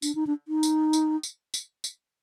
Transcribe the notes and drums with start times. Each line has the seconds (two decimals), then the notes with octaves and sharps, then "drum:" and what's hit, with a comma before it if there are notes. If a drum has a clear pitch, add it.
0.02 D4, drum: tambourine
0.15 D#4
0.27 D4
0.48 D#4
0.63 drum: tambourine
0.93 drum: tambourine
1.23 drum: tambourine
1.54 drum: tambourine
1.84 drum: tambourine